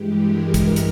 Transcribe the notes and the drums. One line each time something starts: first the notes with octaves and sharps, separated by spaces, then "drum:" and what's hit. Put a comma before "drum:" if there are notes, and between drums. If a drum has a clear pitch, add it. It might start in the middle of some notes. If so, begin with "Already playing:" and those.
Already playing: G2 E3 G#3 G4
A#4
drum: kick, hi-hat
drum: hi-hat